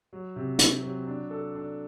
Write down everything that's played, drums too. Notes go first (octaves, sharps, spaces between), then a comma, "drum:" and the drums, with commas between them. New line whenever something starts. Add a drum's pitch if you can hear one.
F#3
C3
C4, drum: hi-hat
F#3
D4
A4
D4